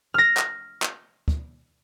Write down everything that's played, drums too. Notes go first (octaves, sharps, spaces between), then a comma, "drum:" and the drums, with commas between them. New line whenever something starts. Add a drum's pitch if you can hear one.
F6 A#6
drum: clap
drum: clap
drum: kick